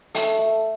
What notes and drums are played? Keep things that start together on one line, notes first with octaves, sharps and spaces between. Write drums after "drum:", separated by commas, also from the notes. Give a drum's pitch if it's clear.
A3, drum: hi-hat
A3